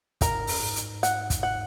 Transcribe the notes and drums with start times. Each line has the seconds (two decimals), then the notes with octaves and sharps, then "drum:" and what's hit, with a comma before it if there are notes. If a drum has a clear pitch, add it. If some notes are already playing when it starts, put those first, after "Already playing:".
0.21 A#2 A#4, drum: kick, hi-hat
0.34 G#2
0.47 F#2, drum: open hi-hat
0.59 G#2
0.76 drum: hi-hat
1.03 F#5, drum: hi-hat
1.30 drum: kick, hi-hat
1.43 F#5